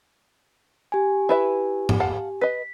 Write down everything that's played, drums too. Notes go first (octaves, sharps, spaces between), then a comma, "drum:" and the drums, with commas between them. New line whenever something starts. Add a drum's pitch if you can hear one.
G4 G#5
E4 B4 E5
drum: tom G#2
F5 F#5 A5
B4 D#5 B6